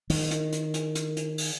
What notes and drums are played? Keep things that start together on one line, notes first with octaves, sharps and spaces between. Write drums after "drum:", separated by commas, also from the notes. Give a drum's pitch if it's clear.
D#3, drum: open hi-hat
drum: hi-hat
drum: hi-hat
drum: hi-hat
drum: hi-hat
drum: hi-hat
drum: open hi-hat